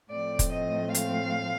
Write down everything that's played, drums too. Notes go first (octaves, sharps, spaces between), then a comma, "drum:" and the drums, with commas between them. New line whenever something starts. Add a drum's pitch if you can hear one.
A2 F3 A3 C4 D5
drum: kick, hi-hat
D#5
F5, drum: hi-hat